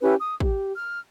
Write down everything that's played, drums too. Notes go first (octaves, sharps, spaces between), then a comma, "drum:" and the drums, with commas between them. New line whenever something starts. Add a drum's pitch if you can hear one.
C#4 E4 G4 B4
D#6
G4, drum: kick
F6